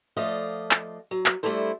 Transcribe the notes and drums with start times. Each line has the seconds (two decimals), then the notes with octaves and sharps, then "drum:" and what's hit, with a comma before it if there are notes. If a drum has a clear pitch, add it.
0.17 F3 A3 D5 D#5 F5
0.71 drum: clap
1.11 F#3
1.26 drum: clap
1.43 G3 A3 D4 E4 A4 C5